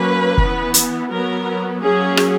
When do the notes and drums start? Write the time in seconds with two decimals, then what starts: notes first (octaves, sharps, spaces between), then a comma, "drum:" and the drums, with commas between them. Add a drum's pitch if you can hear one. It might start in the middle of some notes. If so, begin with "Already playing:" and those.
Already playing: F#3 A#3 C#4 B4
0.38 E3 B3, drum: kick
0.74 drum: hi-hat
1.10 F#3 B3 A#4
1.81 F#3 A#3 C#4 G#4
2.17 drum: rim click